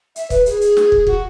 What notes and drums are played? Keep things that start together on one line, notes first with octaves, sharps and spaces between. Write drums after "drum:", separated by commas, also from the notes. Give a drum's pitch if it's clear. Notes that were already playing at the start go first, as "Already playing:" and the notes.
E5, drum: hi-hat
B4, drum: kick, hi-hat
G#4, drum: hi-hat
drum: hi-hat
drum: snare
drum: kick
F#4, drum: kick